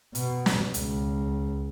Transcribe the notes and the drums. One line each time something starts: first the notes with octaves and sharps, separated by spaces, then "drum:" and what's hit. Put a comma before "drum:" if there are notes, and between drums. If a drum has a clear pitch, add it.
B2, drum: hi-hat
drum: snare
C#2, drum: hi-hat